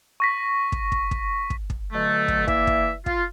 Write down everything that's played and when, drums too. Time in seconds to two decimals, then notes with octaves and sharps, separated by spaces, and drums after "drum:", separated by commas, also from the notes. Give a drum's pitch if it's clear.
0.20 C#6 A#6 B6
0.72 drum: kick
0.92 drum: kick
1.11 drum: kick
1.50 drum: kick
1.70 drum: kick
1.93 B2 D3 F#3 A3
2.28 drum: kick
2.48 E3 A#3 D5 E5, drum: kick
2.67 drum: kick
3.06 F4, drum: kick